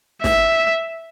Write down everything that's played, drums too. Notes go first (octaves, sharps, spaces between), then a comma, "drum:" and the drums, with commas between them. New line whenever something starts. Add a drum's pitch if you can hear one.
E5, drum: snare